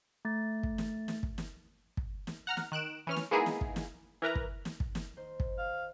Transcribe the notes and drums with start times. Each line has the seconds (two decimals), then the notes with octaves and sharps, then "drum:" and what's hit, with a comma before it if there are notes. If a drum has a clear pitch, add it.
0.25 A3 A6
0.63 drum: kick
0.78 drum: snare
1.08 drum: snare
1.23 drum: kick
1.38 drum: snare
1.97 drum: kick
2.27 drum: snare
2.47 F#5 A#5 F6
2.57 drum: snare
2.72 D#3 F#6 D7 E7
3.07 E3 C#4 F6
3.16 drum: snare
3.31 G#3 A#3 B3 D#4 E4 G#4
3.46 drum: snare
3.61 drum: kick
3.76 drum: snare
4.22 E3 A#4 B4 A#5
4.35 drum: kick
4.65 drum: snare
4.80 drum: kick
4.95 drum: snare
5.17 D#3 C5
5.40 drum: kick
5.58 F5